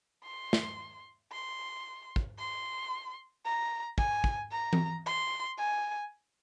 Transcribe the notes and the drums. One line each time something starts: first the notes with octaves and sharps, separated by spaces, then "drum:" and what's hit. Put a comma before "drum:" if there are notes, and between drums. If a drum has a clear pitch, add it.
C6
drum: snare
C6
drum: kick
C6
A#5
G#5, drum: kick
drum: kick
A#5
drum: tom E3
C6
G#5